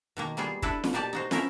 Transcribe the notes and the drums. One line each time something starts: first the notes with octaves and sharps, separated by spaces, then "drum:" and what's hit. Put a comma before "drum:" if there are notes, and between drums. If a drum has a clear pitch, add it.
B2 D#3 A#3
G3 A#3 B3 F4 G#4
D4 E4 A4 B4, drum: kick
drum: snare
B2 A#3 G4 D5 A5
D#4 F#4 C5
B3 C#4 E4 A#4 C5 E5, drum: snare